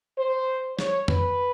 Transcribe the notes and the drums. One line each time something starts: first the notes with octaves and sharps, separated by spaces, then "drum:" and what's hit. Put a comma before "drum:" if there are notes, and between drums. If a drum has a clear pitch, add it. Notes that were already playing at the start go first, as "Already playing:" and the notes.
C5
C#5, drum: snare
B4, drum: tom F2